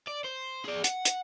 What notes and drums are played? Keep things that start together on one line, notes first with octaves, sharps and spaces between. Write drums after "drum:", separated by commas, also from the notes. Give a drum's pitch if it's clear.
D5
C5
G#4 D5
F#5, drum: hi-hat
drum: hi-hat